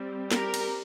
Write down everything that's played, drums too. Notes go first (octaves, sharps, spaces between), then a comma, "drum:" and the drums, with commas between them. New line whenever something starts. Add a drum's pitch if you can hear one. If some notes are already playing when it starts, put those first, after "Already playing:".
Already playing: G3 C4
G4 A#4, drum: snare
drum: cymbal